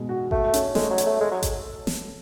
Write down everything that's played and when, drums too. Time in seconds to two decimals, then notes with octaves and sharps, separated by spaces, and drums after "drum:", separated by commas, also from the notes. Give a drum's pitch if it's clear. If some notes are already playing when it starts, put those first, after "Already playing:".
Already playing: B2 G#3
0.09 F#4
0.31 A3 F#4, drum: kick G#1
0.54 C#4, drum: hi-hat
0.75 G#3 A3, drum: snare
0.90 F#3
0.98 C#5, drum: hi-hat
1.06 A3
1.20 G#3 A4
1.32 F#3
1.43 drum: kick G#1, hi-hat
1.87 drum: snare